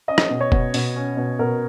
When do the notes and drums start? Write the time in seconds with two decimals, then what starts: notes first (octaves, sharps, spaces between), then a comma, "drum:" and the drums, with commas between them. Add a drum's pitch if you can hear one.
0.08 C#4 D#5
0.18 drum: rim click
0.30 B2
0.41 C#5
0.52 B2, drum: kick F1
0.74 B2, drum: open hi-hat
0.96 C#4
1.17 B2
1.39 B2 A#4